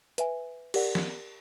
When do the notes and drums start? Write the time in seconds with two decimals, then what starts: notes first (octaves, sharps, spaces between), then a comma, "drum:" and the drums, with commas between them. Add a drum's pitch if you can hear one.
0.18 B4 E5 G#5, drum: hi-hat
0.74 G4 A#4 D5 F#5, drum: cymbal
0.95 drum: snare